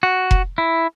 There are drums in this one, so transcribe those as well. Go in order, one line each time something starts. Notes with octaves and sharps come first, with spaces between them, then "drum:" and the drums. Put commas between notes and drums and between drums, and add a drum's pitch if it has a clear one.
F#4
drum: kick F1
E4